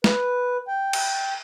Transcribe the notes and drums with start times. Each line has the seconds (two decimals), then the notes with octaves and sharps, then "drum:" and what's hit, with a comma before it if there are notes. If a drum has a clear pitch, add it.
0.04 B4, drum: snare
0.68 G5
0.93 drum: cymbal